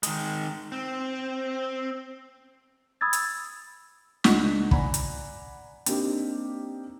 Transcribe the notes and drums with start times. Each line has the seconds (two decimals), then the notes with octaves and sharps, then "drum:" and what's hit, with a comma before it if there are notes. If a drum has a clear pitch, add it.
0.03 D#3 G#3, drum: hi-hat
0.72 C4
3.01 B5 D#6 E6 G#6 A6
3.13 drum: hi-hat
4.24 C#2 D4 F4 D#5 F#5 B6, drum: snare
4.71 D5 F#5 G#5 A#5 B5, drum: kick
4.94 drum: hi-hat
5.86 A#3 C4 D4 D#4 G4, drum: hi-hat